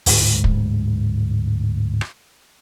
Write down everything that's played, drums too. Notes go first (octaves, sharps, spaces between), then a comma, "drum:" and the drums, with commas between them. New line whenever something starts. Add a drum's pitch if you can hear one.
D1 D2 G#2 G#3, drum: open hi-hat
drum: kick
drum: rim click